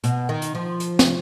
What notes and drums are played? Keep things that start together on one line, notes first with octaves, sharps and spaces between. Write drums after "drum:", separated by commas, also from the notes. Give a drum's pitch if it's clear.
B2, drum: hi-hat
D#3
drum: hi-hat
F3
drum: hi-hat
drum: snare